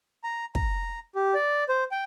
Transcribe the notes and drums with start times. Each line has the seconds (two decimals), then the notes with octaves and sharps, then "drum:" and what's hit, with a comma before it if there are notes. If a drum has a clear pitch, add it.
0.24 A#5
0.55 A#5, drum: kick
1.15 G4
1.34 D5
1.69 C5
1.91 G5